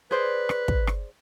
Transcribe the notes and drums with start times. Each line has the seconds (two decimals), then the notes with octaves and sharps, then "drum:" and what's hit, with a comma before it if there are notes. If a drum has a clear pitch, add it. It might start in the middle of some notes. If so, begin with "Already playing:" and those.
0.11 G#4 B4 C5 D5
0.49 drum: rim click
0.68 drum: kick
0.87 drum: rim click